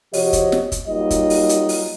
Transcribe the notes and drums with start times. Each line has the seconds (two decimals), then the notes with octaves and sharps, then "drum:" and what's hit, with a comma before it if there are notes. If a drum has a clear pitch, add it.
0.13 C3 F3 F#4 G4 C#5 D#5, drum: open hi-hat
0.33 drum: kick, hi-hat
0.52 drum: snare
0.72 drum: kick, hi-hat
0.88 F#3 G3 A#3 D#4 F4 D#5
1.10 drum: kick, hi-hat
1.30 drum: open hi-hat
1.49 drum: hi-hat
1.69 drum: open hi-hat